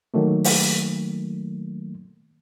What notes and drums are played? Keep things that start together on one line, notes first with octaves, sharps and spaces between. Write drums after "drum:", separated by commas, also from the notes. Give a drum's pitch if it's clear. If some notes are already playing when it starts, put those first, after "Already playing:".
D#3 F#3 A3 A#3
drum: open hi-hat